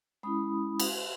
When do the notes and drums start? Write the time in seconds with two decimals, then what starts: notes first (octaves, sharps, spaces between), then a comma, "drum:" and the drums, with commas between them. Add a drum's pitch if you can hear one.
0.23 G#3 C#4 E4 B5 D#6
0.80 drum: cymbal